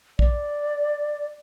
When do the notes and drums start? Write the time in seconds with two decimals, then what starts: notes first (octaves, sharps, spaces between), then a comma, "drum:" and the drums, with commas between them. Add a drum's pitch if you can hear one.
0.19 D5, drum: kick